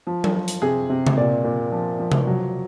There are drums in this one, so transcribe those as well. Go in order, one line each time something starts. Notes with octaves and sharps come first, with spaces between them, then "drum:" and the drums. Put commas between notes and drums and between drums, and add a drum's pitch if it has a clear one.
F3
drum: tom F#3
F3
drum: hi-hat
C3 G#4
C3
drum: tom C3
A#2 D5
A#2
F3
F3
drum: tom C3
F#3